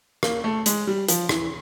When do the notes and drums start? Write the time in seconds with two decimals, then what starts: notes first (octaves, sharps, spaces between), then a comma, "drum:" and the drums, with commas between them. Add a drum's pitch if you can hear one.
0.23 A#3, drum: rim click
0.44 A3
0.66 G#3, drum: hi-hat
0.87 G3
1.08 F3, drum: hi-hat
1.29 E3, drum: rim click